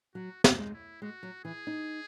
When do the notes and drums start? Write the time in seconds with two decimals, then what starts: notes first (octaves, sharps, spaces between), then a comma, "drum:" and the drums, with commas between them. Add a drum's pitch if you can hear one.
0.15 F#3 F#4
0.44 A#3 D#4, drum: snare
0.58 G#3
0.74 E4
1.02 G#3 F#4
1.23 F#3
1.44 E3 G#4
1.67 D#4